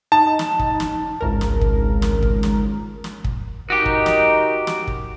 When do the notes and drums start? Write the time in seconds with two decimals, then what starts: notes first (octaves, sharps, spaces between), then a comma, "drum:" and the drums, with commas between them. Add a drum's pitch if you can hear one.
0.12 D#4 A5
0.39 drum: snare
0.59 drum: kick
0.80 drum: snare
1.21 G#1 C#2 A#4
1.41 drum: snare
1.61 drum: kick
2.02 drum: snare
2.23 drum: kick
2.43 drum: snare
3.04 drum: snare
3.24 drum: kick
3.70 D#4 F#4 G4 A#4 D#5
3.86 drum: kick
4.06 drum: snare
4.67 drum: snare
4.87 drum: kick